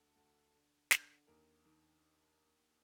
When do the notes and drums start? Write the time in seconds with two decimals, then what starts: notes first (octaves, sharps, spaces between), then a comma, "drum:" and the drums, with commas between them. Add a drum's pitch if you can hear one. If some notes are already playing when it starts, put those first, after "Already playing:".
Already playing: D2 A4
0.15 D2
0.53 D3
0.91 D3, drum: snare
1.27 D#2 A#4
1.65 D#3